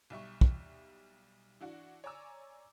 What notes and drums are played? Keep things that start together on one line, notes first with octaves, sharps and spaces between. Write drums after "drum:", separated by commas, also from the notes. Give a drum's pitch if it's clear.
B1 G3 E5 C#6
drum: kick
E3 D4 F#4
C#5 D5 G#5 A#5 D6 E6